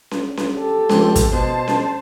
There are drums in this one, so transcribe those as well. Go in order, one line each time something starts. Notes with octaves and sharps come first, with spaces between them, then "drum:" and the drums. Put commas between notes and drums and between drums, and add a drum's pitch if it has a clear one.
drum: snare C#4
drum: snare C#4
G4 A4
C#2 F3 C4, drum: snare C#4
drum: kick, hi-hat
B2 C5 A5
drum: snare C#4